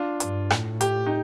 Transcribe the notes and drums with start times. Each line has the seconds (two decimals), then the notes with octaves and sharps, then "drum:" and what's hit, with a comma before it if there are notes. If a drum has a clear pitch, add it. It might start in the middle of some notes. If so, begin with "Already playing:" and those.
Already playing: D4 F4
0.20 G2, drum: hi-hat
0.50 A2, drum: rim click
0.81 G4, drum: hi-hat
1.06 D#4 G4